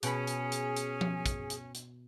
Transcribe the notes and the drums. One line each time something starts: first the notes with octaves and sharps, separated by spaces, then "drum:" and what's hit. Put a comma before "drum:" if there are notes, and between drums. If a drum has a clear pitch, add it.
B2 C#4 G#4 B5, drum: hi-hat
drum: hi-hat
drum: hi-hat
drum: hi-hat
drum: tom F3
drum: kick, hi-hat
drum: hi-hat
drum: hi-hat